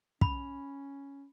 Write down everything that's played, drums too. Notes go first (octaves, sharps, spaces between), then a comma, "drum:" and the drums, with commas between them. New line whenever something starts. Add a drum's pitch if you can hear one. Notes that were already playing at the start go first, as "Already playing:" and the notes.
C#4 B5, drum: kick